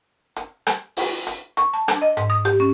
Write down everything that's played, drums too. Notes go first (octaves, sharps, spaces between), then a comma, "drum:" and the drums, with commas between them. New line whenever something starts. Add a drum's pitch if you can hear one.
drum: hi-hat
drum: rim click
drum: open hi-hat
drum: hi-hat
C#6, drum: hi-hat
A5
D4, drum: rim click
D#5
G#2, drum: hi-hat
D#6
G4, drum: hi-hat
C#4